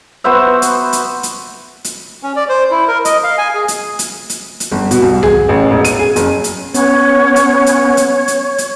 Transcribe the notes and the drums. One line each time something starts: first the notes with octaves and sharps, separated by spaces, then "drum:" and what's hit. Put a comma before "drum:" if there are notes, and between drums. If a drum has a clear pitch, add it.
B3 F#4 C5 E5
drum: hi-hat
drum: hi-hat
drum: hi-hat
drum: hi-hat
C#4
D5
C5
E4
A#4
D#5, drum: hi-hat
F5
G#5
G#4
drum: hi-hat
drum: hi-hat
drum: hi-hat
drum: hi-hat
G1
B2, drum: hi-hat
C2
G#4, drum: tom
A1
E1
D#7, drum: hi-hat
G#4
F#1, drum: hi-hat
drum: hi-hat
B3 C#4 C#5, drum: hi-hat
drum: hi-hat
drum: hi-hat
drum: hi-hat
drum: hi-hat
drum: hi-hat